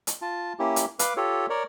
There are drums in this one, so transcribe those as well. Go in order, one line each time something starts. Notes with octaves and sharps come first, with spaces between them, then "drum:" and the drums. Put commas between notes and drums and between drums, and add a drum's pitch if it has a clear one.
drum: hi-hat
F4 A5
A#3 C#4 E4 G4
drum: hi-hat
B4 F5 D6, drum: hi-hat
F4 G4 A4 C#5
A#4 C#5 D5